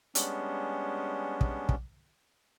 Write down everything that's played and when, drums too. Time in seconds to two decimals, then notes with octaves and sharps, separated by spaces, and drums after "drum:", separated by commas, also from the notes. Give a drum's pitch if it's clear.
0.15 G3 G#3 B3 C#4 D4, drum: hi-hat
1.41 drum: kick
1.69 drum: kick